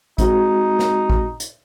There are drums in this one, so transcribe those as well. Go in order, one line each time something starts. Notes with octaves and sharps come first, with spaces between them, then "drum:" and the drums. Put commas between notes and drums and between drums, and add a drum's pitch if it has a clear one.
G#3 C4 D#4 F#4, drum: kick, hi-hat
drum: snare
drum: kick
drum: hi-hat